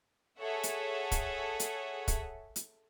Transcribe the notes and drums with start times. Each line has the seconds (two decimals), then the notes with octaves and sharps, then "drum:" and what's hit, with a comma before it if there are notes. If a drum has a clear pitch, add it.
0.39 G#4 A4 C#5 E5 F#5
0.63 drum: hi-hat
1.11 drum: kick, hi-hat
1.60 drum: hi-hat
2.08 drum: kick, hi-hat
2.56 drum: hi-hat